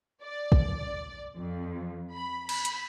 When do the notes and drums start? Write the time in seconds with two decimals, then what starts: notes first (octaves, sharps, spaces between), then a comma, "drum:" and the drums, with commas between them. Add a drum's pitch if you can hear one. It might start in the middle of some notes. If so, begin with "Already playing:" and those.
0.22 D5
0.52 drum: kick
1.36 F2
2.13 B5
2.49 B5, drum: cymbal
2.65 drum: hi-hat